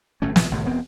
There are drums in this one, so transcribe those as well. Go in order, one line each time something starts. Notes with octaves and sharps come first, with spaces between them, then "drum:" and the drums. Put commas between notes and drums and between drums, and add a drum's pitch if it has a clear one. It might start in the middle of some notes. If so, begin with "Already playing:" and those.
G1 A2 A3 C#4
A#1 A2 C3 F3, drum: snare
G1 C2 A2 D#3
E1 B3 C4